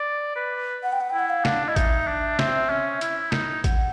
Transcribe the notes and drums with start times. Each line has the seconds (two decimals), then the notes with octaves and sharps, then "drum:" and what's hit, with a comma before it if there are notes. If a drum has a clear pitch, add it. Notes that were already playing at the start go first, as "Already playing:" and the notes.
Already playing: D5
0.36 B4
0.83 F#5
0.92 G5
1.01 F#5
1.10 E4 G5
1.19 F#5
1.30 F5
1.45 D4, drum: snare
1.68 E4 D#5
1.76 D#4 E5, drum: kick A1, hi-hat
2.08 D4
2.39 C4, drum: snare
2.70 C#4
3.01 E4, drum: hi-hat
3.32 D#4, drum: snare
3.64 F#5, drum: kick A1, hi-hat